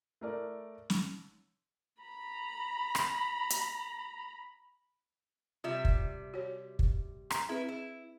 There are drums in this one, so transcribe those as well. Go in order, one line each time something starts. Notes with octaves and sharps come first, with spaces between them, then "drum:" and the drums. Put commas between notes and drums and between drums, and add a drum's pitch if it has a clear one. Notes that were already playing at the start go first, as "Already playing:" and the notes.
A3 A#4 D5
drum: snare
A#5 B5
drum: rim click
drum: hi-hat
C3 G3 F4 E5
drum: kick
F#4 C#5
drum: kick
A#5, drum: rim click
C4 E4 G#4 B4
E4